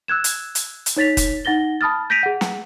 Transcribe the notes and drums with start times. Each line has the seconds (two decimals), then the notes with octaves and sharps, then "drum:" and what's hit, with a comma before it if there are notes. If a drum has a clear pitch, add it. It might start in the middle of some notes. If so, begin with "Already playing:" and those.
0.08 E6 F#6 G#6 E7
0.24 drum: hi-hat
0.55 drum: hi-hat
0.86 drum: hi-hat
0.96 D#4 C#5 A6 B6 F7
1.17 drum: kick F1, hi-hat
1.45 D#4 F#5 A6 A#6 G7
1.81 A5 B5 D#6 F6 A6
2.10 G6 A#6 B6 D7 D#7 F7
2.23 G#4 F#5
2.41 drum: snare